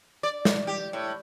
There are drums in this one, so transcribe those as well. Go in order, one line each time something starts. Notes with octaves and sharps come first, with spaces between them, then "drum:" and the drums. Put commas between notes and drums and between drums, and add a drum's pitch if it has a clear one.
D5
drum: snare
G4
A2